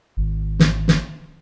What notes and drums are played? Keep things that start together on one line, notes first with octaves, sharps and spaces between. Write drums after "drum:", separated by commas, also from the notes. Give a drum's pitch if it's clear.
G#1
drum: snare
drum: snare